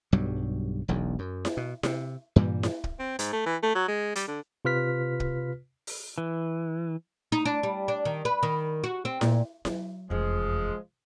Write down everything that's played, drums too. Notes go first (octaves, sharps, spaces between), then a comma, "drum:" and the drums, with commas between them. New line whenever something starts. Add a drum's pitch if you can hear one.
B1 G2 F#3 G3
E1 B1 E2
F#2
drum: snare E4
B2
C3, drum: snare E4
G2 A#2 E3 G3
drum: snare E4
drum: kick
C4
G#2, drum: hi-hat
A3
E3
A3
F#3
G#3
G3, drum: hi-hat
D3
C3 F4 B4 F6 B6
drum: kick
drum: open hi-hat
E3
D#4
D4
G3
D4
D#3
B4
D#3
F#4
C4
A#2, drum: snare E4
F#3, drum: snare E4
F1 E2 F3 G#3